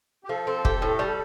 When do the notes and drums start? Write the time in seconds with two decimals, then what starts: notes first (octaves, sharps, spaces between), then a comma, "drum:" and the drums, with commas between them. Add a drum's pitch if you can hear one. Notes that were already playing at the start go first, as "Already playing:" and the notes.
0.24 G4
0.29 F3 A4
0.47 C4
0.65 G4, drum: kick
0.82 A2
0.99 G3